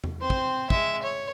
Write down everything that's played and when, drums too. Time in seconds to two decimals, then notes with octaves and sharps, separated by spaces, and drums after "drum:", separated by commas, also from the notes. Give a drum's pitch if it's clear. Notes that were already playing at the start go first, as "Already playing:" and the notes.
0.04 drum: tom E2
0.21 C4 C5
0.30 drum: kick
0.70 G#3 E5, drum: kick
1.03 C#5